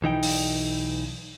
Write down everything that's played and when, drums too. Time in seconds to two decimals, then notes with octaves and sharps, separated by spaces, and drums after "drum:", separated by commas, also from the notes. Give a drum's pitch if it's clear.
0.02 B1 E3 D#4 G5
0.23 drum: open hi-hat